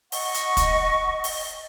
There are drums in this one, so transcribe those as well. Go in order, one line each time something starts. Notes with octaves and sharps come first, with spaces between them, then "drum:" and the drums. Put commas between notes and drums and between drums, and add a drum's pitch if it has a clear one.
D#5 F#5 C#6, drum: open hi-hat
drum: hi-hat
drum: kick, hi-hat
drum: open hi-hat